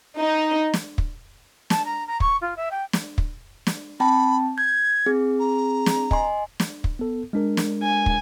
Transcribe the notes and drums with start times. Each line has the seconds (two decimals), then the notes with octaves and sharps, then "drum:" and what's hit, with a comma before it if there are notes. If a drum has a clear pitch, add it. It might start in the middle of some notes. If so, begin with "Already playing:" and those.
0.18 D#4
0.74 drum: snare
0.98 drum: kick
1.70 A5, drum: snare
1.85 A#5
2.07 A#5
2.20 C#6, drum: kick
2.41 F4
2.56 E5
2.71 G5
2.93 drum: snare
3.18 drum: kick
3.67 drum: snare
4.00 C4 G5 A5 B5
4.58 G6 G#6
5.06 C4 G#4
5.40 A#5
5.86 drum: snare
6.11 D#5 G#5 C6, drum: kick
6.60 drum: snare
6.84 drum: kick
6.99 B3 A4
7.33 G#3 D4 A#4
7.57 drum: snare
7.83 G#5
8.06 drum: kick